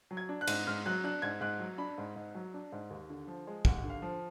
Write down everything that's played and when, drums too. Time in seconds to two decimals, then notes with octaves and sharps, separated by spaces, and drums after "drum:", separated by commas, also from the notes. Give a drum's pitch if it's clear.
0.11 F#3
0.17 G#6
0.29 D4
0.41 F#6
0.47 G#2, drum: cymbal
0.67 G#2 F6
0.86 F#3 F#6
1.04 D4 F#6
1.22 G#2 G#6
1.41 G#2 F#6
1.59 F#3
1.78 D4 B5
1.98 G#2
2.16 G#2
2.35 F#3
2.54 D4
2.72 G#2
2.90 D#2
3.10 D3
3.27 F3
3.47 G#3
3.65 D#2 F#5, drum: kick
3.84 D3
3.90 F5
4.02 F3